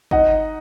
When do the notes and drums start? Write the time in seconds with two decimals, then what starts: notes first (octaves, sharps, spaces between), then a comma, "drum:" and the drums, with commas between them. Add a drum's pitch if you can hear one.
0.11 D#4 D#5 F#5, drum: kick